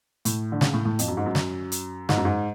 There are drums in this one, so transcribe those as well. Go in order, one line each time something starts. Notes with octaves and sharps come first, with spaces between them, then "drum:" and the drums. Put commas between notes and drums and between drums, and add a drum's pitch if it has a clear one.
A2, drum: hi-hat
D3
C#3, drum: snare
A2
A2
F2, drum: hi-hat
F#2
G#2
F#2
drum: snare
drum: hi-hat
G#2, drum: snare
F#2
G#2